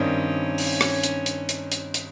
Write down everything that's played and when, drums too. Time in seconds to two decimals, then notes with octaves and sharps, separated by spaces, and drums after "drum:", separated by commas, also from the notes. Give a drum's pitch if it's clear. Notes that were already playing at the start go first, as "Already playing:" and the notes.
Already playing: G2 D#3 G3 C4 C#4 D#4
0.58 drum: open hi-hat
0.81 drum: rim click
1.03 drum: hi-hat
1.26 drum: hi-hat
1.49 drum: hi-hat
1.72 drum: hi-hat
1.94 drum: hi-hat